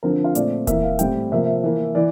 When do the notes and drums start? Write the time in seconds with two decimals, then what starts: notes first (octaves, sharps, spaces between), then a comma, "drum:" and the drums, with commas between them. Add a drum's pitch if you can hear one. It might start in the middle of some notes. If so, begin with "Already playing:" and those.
0.03 D3 F3 C4 A#4
0.24 F4
0.35 A#2 A3 C4 D5, drum: hi-hat
0.67 E3 A#3 E5, drum: kick E1, hi-hat
0.83 F5
0.99 A2 G3 C4 G5, drum: hi-hat
1.32 C3 F3 A#3 E5
1.64 E3 A#3
1.95 E3 D5